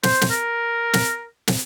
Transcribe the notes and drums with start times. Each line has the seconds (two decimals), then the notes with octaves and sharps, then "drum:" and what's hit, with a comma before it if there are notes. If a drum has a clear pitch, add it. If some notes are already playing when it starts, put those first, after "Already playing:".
0.03 C5, drum: snare
0.21 drum: snare
0.30 A#4
0.93 drum: snare
1.47 drum: snare